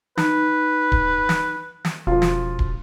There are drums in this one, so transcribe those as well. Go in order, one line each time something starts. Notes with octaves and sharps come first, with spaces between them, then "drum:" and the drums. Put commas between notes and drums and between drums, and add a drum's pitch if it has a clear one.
D#4 B4, drum: snare
drum: kick D1
drum: snare
drum: snare
E1 F3 F4
drum: snare
drum: kick D1